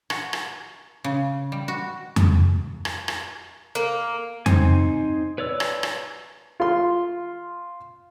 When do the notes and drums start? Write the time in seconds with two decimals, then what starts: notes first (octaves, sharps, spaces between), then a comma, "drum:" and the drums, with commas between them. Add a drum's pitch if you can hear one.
0.10 F#4, drum: rim click
0.33 drum: rim click
1.04 C#3
1.52 G3
1.68 F#4
2.16 drum: tom F2
2.85 drum: rim click
3.08 drum: rim click
3.75 A#3
4.46 C4 D#4 C5 G#5, drum: tom F2
5.38 B4 C#5 D5 E6
5.60 drum: rim click
5.83 drum: rim click
6.60 F4 C6